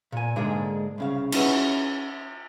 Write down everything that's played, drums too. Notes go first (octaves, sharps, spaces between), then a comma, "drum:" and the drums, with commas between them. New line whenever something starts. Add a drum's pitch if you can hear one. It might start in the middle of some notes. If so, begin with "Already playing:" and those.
A#2 G#5
G#2 D3 G#3 A#3 D4 G#4
C2 C#3 F5
C#4 D#4 E4 F#4 G#4 B4, drum: cymbal